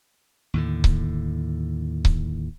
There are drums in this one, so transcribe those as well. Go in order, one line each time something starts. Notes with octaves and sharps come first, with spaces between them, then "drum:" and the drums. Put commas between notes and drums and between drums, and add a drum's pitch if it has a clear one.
D#2 A2 D3
drum: kick C#1
drum: kick C#1